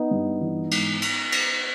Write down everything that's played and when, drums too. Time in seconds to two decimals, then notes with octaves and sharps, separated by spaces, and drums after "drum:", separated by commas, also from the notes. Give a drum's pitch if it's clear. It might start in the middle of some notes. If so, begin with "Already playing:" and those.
Already playing: B3 D#4
0.11 G2
0.41 E3
0.71 G#2, drum: cymbal
1.02 drum: cymbal
1.32 drum: cymbal